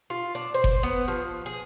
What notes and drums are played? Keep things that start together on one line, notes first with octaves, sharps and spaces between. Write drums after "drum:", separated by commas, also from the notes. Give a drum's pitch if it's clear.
F4
D4
C5
drum: kick F#1
B3
F3
G#4